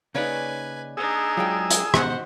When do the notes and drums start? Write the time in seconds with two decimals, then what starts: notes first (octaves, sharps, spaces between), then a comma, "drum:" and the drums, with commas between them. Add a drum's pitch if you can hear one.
0.15 C#3 A#3 D#4 G#4 B4 C#5 D5 G#5
0.97 D4 D#4 G#4 D#6 E6
1.37 F#3 G#3 F4 D5 G5
1.70 drum: hi-hat
1.94 G#2 B2 D#3 G#3 F#4 C5 F#5, drum: rim click